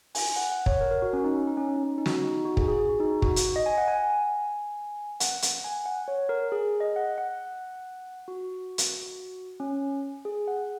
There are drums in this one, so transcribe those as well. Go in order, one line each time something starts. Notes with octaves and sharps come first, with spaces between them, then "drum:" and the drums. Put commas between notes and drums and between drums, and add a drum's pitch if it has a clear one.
G#5, drum: open hi-hat
F#5
F#5
C#5, drum: kick
A#4
A#4
F#4
C#4
D#4
D#4
D#4
C#4
C#4
D#4
C#4
D#4
F#4, drum: snare
D#4
D#4
D#4
F#4
G#4, drum: kick
G#4
G#4
F#4
D#4
F#4, drum: kick
drum: hi-hat
D#5
G#5
F#5
G#5
G#5
F#5, drum: hi-hat
F#5, drum: hi-hat
G#5
F#5
C#5
A#4
G#4
D#5
F#5
F#5
F#4
drum: hi-hat
C#4
G#4
F#5